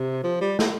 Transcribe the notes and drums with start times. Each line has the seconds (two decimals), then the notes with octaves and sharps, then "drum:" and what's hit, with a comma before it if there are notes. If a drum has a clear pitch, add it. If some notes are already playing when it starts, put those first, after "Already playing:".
Already playing: C3
0.24 F3
0.41 G3
0.59 G#3, drum: snare